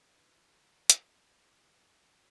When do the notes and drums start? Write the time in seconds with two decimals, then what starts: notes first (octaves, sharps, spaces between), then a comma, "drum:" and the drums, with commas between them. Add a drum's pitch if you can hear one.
0.13 G2 E3 B4
0.52 A4
0.90 A4, drum: hi-hat
1.66 F#2 D#3 B4